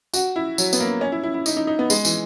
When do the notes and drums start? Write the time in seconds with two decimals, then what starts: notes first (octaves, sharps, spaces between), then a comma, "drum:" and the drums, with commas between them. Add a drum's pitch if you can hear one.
0.14 F#4, drum: tambourine
0.36 E4
0.58 F#3, drum: tambourine
0.73 B3, drum: tambourine
0.80 A#3
1.01 C#4
1.12 E4
1.24 E4
1.34 E4
1.46 D#4, drum: tambourine
1.57 D#4
1.67 D#4
1.79 B3
1.90 G#3, drum: tambourine
2.05 E3, drum: tambourine